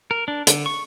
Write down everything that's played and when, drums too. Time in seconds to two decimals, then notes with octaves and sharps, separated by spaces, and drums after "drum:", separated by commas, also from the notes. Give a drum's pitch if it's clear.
0.11 A#4
0.28 D4
0.47 D3, drum: hi-hat
0.66 C#6